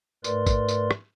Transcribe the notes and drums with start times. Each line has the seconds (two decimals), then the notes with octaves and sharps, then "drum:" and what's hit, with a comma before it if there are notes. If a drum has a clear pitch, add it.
0.24 G#2 A3 A#4 B4 D5 C6, drum: tambourine
0.46 drum: kick, tambourine
0.69 drum: tambourine
0.91 drum: rim click